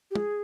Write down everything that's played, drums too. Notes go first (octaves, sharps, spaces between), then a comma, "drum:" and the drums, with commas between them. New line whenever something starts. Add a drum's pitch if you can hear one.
G4
G#4, drum: tom